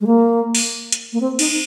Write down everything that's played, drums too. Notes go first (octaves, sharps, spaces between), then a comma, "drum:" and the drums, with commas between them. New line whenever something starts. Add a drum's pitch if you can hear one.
G#3
A#3
drum: open hi-hat
drum: hi-hat
A#3
C4
D#4, drum: cymbal